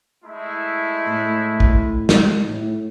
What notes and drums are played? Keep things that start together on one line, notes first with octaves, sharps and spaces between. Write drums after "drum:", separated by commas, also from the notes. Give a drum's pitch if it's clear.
G#3 A3 E4
A2
drum: kick
drum: snare
A2